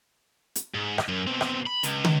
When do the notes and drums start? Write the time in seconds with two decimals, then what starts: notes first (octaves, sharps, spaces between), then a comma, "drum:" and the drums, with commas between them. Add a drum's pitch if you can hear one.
0.55 drum: hi-hat
0.74 G#2
0.98 drum: rim click
1.08 F#2
1.27 B2 C4
1.41 drum: rim click
1.66 B5
1.83 C#2, drum: hi-hat
2.05 drum: tom